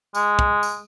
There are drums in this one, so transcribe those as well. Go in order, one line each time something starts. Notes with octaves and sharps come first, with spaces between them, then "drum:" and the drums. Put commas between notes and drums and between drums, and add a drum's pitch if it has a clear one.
G#3, drum: tambourine
drum: kick
drum: tambourine